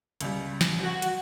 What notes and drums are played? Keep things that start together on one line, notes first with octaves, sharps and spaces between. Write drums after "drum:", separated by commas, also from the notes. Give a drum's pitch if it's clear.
C#2 G3, drum: hi-hat
drum: snare
F#4
drum: hi-hat